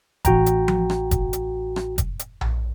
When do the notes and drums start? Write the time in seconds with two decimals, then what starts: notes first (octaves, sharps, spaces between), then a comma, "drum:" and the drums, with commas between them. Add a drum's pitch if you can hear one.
0.25 A1 F#4 G5 A#5, drum: kick, hi-hat
0.46 drum: hi-hat
0.68 drum: tom F3
0.90 drum: rim click
1.11 drum: kick, hi-hat
1.33 drum: hi-hat
1.76 drum: rim click
1.98 drum: kick, hi-hat
2.19 drum: hi-hat
2.41 drum: tom A#1